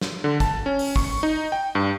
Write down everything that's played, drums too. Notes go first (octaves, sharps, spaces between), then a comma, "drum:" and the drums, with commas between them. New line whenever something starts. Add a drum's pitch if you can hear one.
drum: snare
D3
A5, drum: kick, hi-hat
C#4
drum: open hi-hat
C#6, drum: kick
D#4
G5
G2